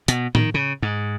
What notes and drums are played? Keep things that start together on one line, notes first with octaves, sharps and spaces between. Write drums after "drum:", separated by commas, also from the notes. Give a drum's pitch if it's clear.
B2, drum: hi-hat
D#3, drum: tom A2
C#3
G#2